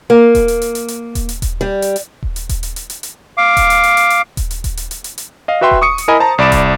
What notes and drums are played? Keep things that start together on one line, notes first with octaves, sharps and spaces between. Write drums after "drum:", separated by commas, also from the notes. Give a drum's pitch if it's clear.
A#3
drum: kick D#1, hi-hat
drum: hi-hat
drum: hi-hat
drum: hi-hat
drum: hi-hat
drum: kick D#1, hi-hat
drum: hi-hat
drum: kick D#1, hi-hat
G3
drum: hi-hat
drum: hi-hat
drum: kick D#1
drum: hi-hat
drum: kick D#1, hi-hat
drum: hi-hat
drum: hi-hat
drum: hi-hat
drum: hi-hat
F5 D6
drum: kick D#1, hi-hat
drum: hi-hat
drum: hi-hat
drum: hi-hat
drum: hi-hat
drum: kick D#1, hi-hat
drum: hi-hat
drum: kick D#1, hi-hat
drum: hi-hat
drum: hi-hat
drum: hi-hat
drum: hi-hat
D#5 F5
F#4 B4 E5 G5 C6
drum: kick D#1
C#6 D#6 C#7
drum: hi-hat
E4 A#4 D#5 G#5 B5
C5 A5 A#5
C2 D5 B5 D7 E7
drum: kick D#1, hi-hat